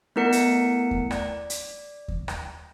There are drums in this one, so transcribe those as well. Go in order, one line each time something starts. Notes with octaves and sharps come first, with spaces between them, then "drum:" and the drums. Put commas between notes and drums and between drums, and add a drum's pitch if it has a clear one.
A3 B3 E4 A#4 F#5 C#7
drum: hi-hat
drum: kick D#2
D5, drum: rim click
drum: hi-hat
drum: kick D#2
drum: rim click